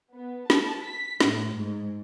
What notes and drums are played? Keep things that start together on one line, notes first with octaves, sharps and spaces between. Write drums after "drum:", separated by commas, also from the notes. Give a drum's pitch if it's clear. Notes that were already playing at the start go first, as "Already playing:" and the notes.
B3
A5, drum: snare
B6
A2, drum: snare
G#2